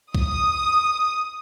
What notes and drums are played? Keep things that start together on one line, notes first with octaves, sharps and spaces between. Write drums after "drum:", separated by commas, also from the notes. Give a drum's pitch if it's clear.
D#6, drum: kick B1